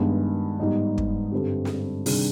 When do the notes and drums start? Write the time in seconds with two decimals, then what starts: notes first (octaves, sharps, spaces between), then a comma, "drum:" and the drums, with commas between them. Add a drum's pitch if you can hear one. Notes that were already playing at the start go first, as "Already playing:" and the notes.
Already playing: G2 D#3 G#3 B3
0.60 G#2 G3 B3 D#4
0.98 drum: kick
1.32 G2 D3 G3 C4 G4
1.65 drum: snare
2.06 C3 D#3 G3 D4 G#4, drum: open hi-hat